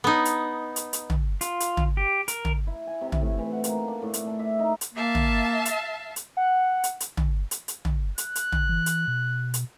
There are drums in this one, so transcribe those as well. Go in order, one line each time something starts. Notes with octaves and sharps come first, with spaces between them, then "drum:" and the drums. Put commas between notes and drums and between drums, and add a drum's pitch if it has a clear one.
B3 D#4
drum: hi-hat
drum: hi-hat
drum: hi-hat
drum: tom
F4, drum: hi-hat
drum: hi-hat
drum: tom
G4
A#4, drum: hi-hat
drum: tom
E4
G#5
C3
drum: tom
A2
E3
F#5
A#3, drum: hi-hat
D4
A2
drum: hi-hat
D4
E5
D#4
drum: hi-hat
A#3 E5 F5 A5
drum: tom
drum: hi-hat
drum: hi-hat
F#5
drum: hi-hat
drum: hi-hat
drum: tom
drum: hi-hat
drum: hi-hat
drum: tom
F#6, drum: hi-hat
drum: hi-hat
drum: tom
E3
drum: hi-hat
B2
drum: hi-hat